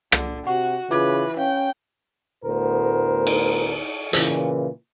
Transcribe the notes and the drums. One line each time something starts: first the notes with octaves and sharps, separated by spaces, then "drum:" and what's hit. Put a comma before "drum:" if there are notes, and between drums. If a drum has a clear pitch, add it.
D3, drum: rim click
C3 F#4 F#5 C#6
C#3 E3 F4 B4 D6 G#6
C#4 F5 G5
D2 A2 B3 A#4 C5
drum: cymbal
A#2 C#3 E3, drum: hi-hat